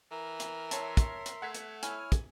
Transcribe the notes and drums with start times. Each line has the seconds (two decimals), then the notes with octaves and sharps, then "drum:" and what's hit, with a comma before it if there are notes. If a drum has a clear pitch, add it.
0.11 E3 A#4
0.40 drum: hi-hat
0.71 C#5 E5 A5 C6, drum: hi-hat
0.97 drum: kick, hi-hat
1.26 drum: hi-hat
1.42 A3 F#5 G#6 B6
1.55 drum: hi-hat
1.83 E4 C#5 G#5 F6, drum: hi-hat
2.12 drum: kick, hi-hat